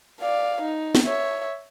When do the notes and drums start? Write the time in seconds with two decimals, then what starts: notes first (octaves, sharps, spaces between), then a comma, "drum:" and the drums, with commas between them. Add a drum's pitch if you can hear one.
0.20 D5 F5
0.62 D#4
0.95 drum: snare
1.05 C#5 E5